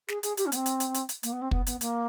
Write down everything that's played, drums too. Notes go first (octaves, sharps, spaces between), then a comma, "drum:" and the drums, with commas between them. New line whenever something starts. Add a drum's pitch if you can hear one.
G#4, drum: snare
G#4, drum: hi-hat
G4, drum: hi-hat
C#4
B3, drum: hi-hat
C4
drum: hi-hat
drum: hi-hat
drum: hi-hat
drum: hi-hat
A#3, drum: hi-hat
B3
C4
B3, drum: kick
B3, drum: hi-hat
A#3, drum: hi-hat